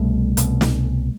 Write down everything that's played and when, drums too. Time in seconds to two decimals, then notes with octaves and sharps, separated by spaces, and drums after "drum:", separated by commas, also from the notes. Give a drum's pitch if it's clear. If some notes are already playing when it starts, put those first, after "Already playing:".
Already playing: C2 B2 G3 A3
0.37 C2 B2, drum: hi-hat
0.61 drum: snare